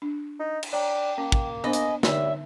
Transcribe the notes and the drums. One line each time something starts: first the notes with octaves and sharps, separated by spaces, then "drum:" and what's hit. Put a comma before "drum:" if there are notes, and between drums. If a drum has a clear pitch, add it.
D4
D#4
drum: cymbal
D4 C#5 G5 A#5
A#3 C#4
drum: kick
B3 D4 B4 C5 D#5 G#5
drum: hi-hat
D3 G3 D#4 C#5 E5, drum: snare